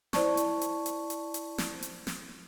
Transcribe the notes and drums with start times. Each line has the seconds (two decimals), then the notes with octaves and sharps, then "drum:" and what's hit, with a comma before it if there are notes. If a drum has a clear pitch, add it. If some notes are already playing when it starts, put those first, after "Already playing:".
0.13 E4 C5 D5 A5 C#6, drum: snare
0.37 drum: hi-hat
0.61 drum: hi-hat
0.86 drum: hi-hat
1.10 drum: hi-hat
1.34 drum: hi-hat
1.58 drum: snare
1.83 drum: hi-hat
2.07 drum: snare